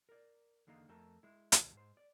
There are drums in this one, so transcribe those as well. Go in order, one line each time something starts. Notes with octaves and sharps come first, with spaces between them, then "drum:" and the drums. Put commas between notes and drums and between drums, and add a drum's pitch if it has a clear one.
A#4 D5
E2 D3 A#3 D#4 F5
F2 A3 A4 A#4
G#3 E4
drum: hi-hat
G#2 C5
D5